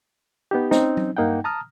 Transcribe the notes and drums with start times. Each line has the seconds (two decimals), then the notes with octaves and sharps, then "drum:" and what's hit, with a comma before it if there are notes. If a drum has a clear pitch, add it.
0.51 B3 D#4 G4
0.71 C4 C#4 D#4, drum: snare
0.97 drum: tom F#3
1.17 G2 A#3 D#4 F#5 G5
1.44 A5 A#5 D#6 F6